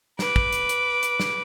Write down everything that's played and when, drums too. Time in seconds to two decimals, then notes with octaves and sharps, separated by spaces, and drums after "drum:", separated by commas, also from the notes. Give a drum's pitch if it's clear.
0.19 B4 D6, drum: snare
0.36 drum: kick
0.53 drum: hi-hat
0.69 drum: hi-hat
1.03 drum: hi-hat
1.20 drum: snare